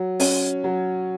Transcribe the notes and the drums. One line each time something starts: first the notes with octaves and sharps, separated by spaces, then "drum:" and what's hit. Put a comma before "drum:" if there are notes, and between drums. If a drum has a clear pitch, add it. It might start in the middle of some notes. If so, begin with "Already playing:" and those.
Already playing: F#3
C#4, drum: open hi-hat
F#3